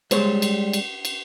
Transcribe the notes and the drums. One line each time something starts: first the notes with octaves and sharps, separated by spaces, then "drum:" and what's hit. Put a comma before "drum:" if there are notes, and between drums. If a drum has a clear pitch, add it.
G3 G#3 C5 C#5, drum: cymbal
drum: cymbal
drum: cymbal
drum: cymbal